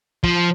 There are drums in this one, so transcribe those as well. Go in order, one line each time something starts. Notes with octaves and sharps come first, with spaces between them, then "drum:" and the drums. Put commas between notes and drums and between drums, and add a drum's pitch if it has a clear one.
F3, drum: kick